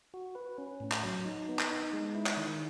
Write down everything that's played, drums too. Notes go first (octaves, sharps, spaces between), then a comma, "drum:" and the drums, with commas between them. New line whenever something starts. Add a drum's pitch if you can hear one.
F#4
B4
C#4
A2
drum: clap
F#3
D#4
B3
drum: clap
D#4
G#3
E4
drum: clap
D#3